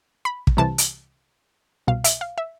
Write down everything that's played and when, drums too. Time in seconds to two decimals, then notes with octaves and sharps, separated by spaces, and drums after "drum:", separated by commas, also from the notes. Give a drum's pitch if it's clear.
0.25 B5
0.47 drum: kick
0.57 C2 C3 E3 A5
0.78 drum: hi-hat
1.87 C2 B2 F5
2.04 E5, drum: hi-hat
2.21 F5
2.38 E5